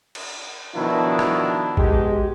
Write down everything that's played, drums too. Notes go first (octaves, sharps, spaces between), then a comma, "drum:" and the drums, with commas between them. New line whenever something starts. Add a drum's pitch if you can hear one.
drum: cymbal
B2 D#3 F3 B3 D4 E4
drum: rim click
B2 G#3 G4, drum: kick